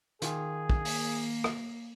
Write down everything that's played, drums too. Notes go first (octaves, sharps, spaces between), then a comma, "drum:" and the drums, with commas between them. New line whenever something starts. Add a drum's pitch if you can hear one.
D#3 F4 G#4, drum: hi-hat
drum: kick
A#3, drum: open hi-hat
drum: rim click